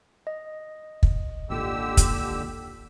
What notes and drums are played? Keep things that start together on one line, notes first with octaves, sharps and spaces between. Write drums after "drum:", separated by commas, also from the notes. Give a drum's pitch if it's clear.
D#5
drum: kick
G#1 D#2 A#2 D3 G4 E6
drum: kick, hi-hat